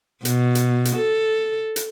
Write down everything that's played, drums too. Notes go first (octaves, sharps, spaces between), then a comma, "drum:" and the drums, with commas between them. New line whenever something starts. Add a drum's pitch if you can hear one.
B2, drum: hi-hat
drum: hi-hat
drum: hi-hat
A4
drum: hi-hat